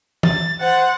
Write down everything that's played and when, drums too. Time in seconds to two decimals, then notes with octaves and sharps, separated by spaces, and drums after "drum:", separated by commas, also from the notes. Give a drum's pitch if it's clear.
0.23 A6, drum: tom E3
0.61 C5 F#5 A6